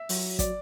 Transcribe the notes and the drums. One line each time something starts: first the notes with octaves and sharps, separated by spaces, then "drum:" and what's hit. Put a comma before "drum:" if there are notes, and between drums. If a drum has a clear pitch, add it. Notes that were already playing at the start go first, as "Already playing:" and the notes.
Already playing: E5
F#3, drum: open hi-hat
D5, drum: kick, hi-hat